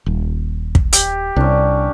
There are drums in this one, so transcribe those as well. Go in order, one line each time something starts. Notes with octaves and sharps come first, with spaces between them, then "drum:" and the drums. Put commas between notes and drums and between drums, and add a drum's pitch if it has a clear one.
D#1
drum: kick
G4, drum: hi-hat
C2 C#4 D4